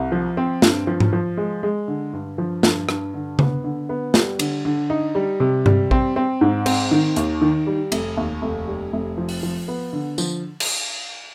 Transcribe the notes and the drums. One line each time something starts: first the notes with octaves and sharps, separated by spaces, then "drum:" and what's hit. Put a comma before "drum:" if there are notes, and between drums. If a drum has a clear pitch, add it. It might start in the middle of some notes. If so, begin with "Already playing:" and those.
Already playing: C2
F3
C4
G2, drum: snare
F3
drum: tom G#2
F3
G#3
G#3
D3
G2
F3
G2, drum: snare
G2, drum: rim click
D3
B3, drum: tom C#3
D3
B3
G3, drum: snare
D3, drum: cymbal
D3
D#4
G3
C3
G3, drum: tom G2
C4, drum: kick
C4
G#2
C4, drum: cymbal
D#3
D#2, drum: hi-hat
D#3
G3
F1, drum: cymbal
D#2
F1
G3
F1
F3
drum: open hi-hat
F3
B3
D3
F3, drum: tambourine
drum: cymbal